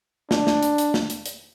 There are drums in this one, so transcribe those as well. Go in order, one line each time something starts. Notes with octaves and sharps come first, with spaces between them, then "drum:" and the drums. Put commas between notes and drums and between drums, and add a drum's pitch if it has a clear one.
D4, drum: snare
drum: snare
drum: hi-hat
drum: hi-hat
drum: snare
drum: hi-hat
drum: hi-hat